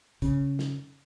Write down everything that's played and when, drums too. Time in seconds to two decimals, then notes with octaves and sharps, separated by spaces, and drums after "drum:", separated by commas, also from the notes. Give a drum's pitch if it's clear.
0.22 C#3, drum: kick, hi-hat
0.59 drum: snare